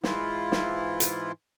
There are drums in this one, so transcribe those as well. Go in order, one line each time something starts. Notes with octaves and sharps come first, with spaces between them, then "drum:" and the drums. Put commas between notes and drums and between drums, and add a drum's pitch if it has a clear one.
G#2 E3 E4 F4, drum: snare
drum: snare
drum: hi-hat